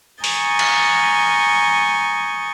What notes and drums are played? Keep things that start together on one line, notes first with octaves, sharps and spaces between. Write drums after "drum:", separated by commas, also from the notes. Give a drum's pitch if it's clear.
G#5 A#5 C#6 D#6 G6 A6, drum: open hi-hat
drum: cymbal